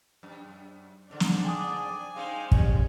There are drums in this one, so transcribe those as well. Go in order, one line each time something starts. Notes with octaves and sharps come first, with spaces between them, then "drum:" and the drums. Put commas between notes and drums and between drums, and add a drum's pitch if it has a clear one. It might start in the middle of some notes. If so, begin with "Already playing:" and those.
F#2
G#2 D3 D4
drum: snare
G5 G#5 D6 D#6
G#3 C4 D#4 F5
G3 C#4, drum: kick